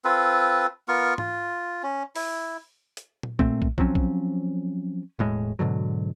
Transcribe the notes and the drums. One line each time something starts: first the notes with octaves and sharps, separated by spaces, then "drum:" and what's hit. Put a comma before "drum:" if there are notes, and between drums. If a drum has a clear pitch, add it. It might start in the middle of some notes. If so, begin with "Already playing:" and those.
C4 F4 A4 B4
B3 F4 A#4 C#6
F4, drum: tom G#2
C#4
E4, drum: open hi-hat
drum: hi-hat
drum: tom A#2
A#2 A3 C4, drum: kick
drum: kick
F3 F#3 C4 C#4, drum: kick
drum: kick
E1 A2 G#3
G#2 B2 D3 F#3